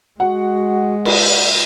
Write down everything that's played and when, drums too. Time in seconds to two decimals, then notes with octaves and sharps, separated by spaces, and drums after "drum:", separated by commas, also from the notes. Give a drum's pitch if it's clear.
0.20 G#3 F#4 F#5
1.05 D5, drum: cymbal